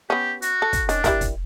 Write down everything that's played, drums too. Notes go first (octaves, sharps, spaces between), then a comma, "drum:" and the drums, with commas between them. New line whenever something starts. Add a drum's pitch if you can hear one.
B3 C#4 G4
F#4, drum: hi-hat
A4
drum: kick, hi-hat
D#3 C#4 D4, drum: hi-hat
G3 E4 A#4, drum: kick, hi-hat
drum: kick, hi-hat